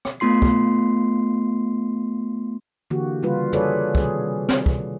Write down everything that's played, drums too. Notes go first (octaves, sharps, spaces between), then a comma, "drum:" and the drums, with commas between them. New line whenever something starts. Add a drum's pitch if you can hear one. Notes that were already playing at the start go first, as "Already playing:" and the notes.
drum: rim click
A3 B3 F4 C6 C7
drum: kick
D3 E3 A#3 F#4 G4
C#3 G3 A#3 F4 B4
F4 G#4 A4 B4 C#5 D5, drum: tom
C3 D#3 G3 G#4, drum: kick
drum: snare
drum: kick